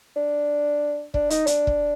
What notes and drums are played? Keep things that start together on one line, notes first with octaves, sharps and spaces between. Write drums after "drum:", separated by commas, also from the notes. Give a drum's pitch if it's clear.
D4
D4, drum: kick
D#4, drum: hi-hat
D4, drum: hi-hat
drum: kick